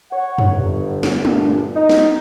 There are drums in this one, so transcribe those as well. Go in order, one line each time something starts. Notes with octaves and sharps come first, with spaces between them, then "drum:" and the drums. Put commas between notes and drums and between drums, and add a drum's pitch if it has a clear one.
C#5 F#5
drum: tom
G1
drum: snare
G1 G2 A#2 D4, drum: tom
D#4
drum: snare